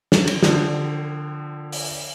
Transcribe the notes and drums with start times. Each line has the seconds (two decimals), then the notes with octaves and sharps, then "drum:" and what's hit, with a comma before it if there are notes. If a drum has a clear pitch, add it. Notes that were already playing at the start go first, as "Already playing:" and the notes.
0.12 drum: snare
0.27 drum: cymbal
0.43 D3 F3, drum: snare
1.72 drum: open hi-hat